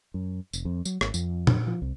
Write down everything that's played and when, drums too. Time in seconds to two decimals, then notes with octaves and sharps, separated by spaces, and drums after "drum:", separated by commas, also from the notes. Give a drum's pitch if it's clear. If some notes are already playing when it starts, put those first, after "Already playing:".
0.14 F#2
0.53 F1, drum: tambourine
0.65 F2
0.85 F#3, drum: tambourine
1.01 G#1, drum: rim click
1.14 F2, drum: tambourine
1.47 drum: tom A#2
1.67 F3
1.82 C2